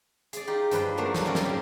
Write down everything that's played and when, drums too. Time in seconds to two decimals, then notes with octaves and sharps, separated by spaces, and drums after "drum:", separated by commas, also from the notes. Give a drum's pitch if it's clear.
0.33 G#4 D5, drum: hi-hat
0.47 D#4 F4 G4
0.71 G2 F3 B4 G5, drum: hi-hat
0.97 D3 F#3 A3 A#3 D4
1.15 drum: snare
1.25 C4 C#4 A#4 C#5 D5
1.35 drum: snare
1.45 G#2 G4